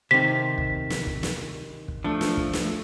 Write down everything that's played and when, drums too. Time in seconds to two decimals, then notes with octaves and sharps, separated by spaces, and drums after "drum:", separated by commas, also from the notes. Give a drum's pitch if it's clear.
0.11 C3 D#3 B6
0.58 drum: kick
0.90 drum: snare
1.07 drum: kick
1.23 drum: snare
1.88 drum: kick
2.04 F3 A3 D4
2.21 drum: snare
2.37 drum: kick
2.53 drum: snare